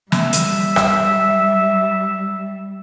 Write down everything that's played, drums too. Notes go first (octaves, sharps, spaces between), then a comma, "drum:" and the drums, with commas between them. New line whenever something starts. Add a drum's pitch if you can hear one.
G3 E5, drum: snare
drum: hi-hat
drum: rim click